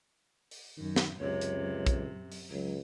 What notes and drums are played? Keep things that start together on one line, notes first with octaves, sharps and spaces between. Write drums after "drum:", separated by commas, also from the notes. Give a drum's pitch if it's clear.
drum: open hi-hat
F#2 D#3
drum: snare
C#2 F#2 C3 C#5
drum: hi-hat
drum: kick, hi-hat
drum: open hi-hat
C#2 F#3